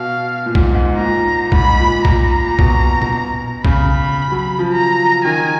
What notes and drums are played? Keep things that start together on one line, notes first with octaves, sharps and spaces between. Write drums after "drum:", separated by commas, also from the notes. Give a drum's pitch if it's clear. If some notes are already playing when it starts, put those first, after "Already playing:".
Already playing: B2 F5
A#2
G#2, drum: kick A#1
G#2
A#2 A#5
G#2 B5, drum: kick A#1
A#2
A#2 A#5, drum: kick A#1
B2, drum: kick A#1
drum: tom A#2
C#3 B5, drum: kick A#1
F#3
F3
A#5
D#3 G#5